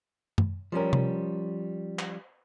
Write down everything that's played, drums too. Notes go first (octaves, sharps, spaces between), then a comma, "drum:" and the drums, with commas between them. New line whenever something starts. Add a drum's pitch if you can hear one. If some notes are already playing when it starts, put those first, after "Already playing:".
drum: tom F#2
F3 G3 C#4 A#4
drum: tom C3
drum: clap